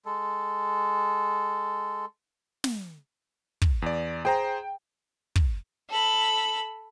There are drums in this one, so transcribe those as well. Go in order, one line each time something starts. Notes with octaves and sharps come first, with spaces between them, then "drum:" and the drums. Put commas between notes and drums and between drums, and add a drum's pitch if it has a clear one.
G#3 A4
drum: snare
drum: kick
E2 D5
G#4 C5 G5 A#5
drum: kick
A4 B5